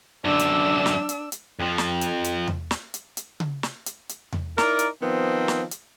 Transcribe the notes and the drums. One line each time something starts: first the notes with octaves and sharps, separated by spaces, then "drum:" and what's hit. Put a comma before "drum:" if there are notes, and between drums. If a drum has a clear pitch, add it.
F#2 D3 D4 E6
drum: hi-hat
drum: snare
drum: hi-hat
drum: hi-hat
F2 F3
drum: snare
drum: hi-hat
drum: hi-hat
drum: tom E2
drum: snare
drum: hi-hat
drum: hi-hat
drum: tom C#3
drum: snare
drum: hi-hat
drum: hi-hat
drum: tom E2
D#4 E4 A#4 D5, drum: snare
drum: hi-hat
D#3 F3 B3 C4
drum: snare
drum: hi-hat